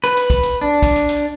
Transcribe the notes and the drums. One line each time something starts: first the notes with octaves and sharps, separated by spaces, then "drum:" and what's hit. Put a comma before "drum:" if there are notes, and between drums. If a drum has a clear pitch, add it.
B4, drum: hi-hat
drum: hi-hat
drum: kick, hi-hat
drum: hi-hat
D4
drum: kick, hi-hat
drum: hi-hat
drum: hi-hat